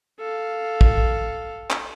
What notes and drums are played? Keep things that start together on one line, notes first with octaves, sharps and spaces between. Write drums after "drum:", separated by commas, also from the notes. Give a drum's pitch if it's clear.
A4 F5
drum: kick
drum: clap